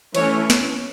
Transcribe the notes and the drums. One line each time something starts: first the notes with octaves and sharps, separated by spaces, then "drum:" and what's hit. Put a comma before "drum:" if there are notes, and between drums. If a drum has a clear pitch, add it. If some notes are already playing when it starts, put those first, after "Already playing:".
E3 A3 C#4 C#5, drum: cymbal
drum: snare